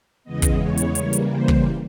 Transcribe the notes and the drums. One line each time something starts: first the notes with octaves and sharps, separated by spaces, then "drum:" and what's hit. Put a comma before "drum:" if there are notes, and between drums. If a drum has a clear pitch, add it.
E2 C#3 E3 G#3 B3 D#5
drum: kick, hi-hat
C#5
drum: hi-hat
C#3 E3 G3 A#3, drum: hi-hat
drum: hi-hat
C5
drum: kick